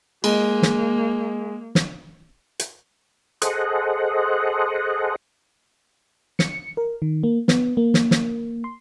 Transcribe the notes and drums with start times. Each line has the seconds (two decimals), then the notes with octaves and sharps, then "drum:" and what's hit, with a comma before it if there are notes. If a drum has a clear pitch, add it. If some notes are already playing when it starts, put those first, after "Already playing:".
0.24 G#3 A#3, drum: cymbal
0.62 drum: snare
1.75 drum: snare
2.59 drum: hi-hat
3.42 G#4 A4 C5 D#5 F#5, drum: hi-hat
6.39 C#7, drum: snare
6.77 A#4
7.02 D#3
7.23 A#3
7.48 B3, drum: snare
7.77 A#3
7.94 drum: snare
8.11 drum: snare
8.64 C6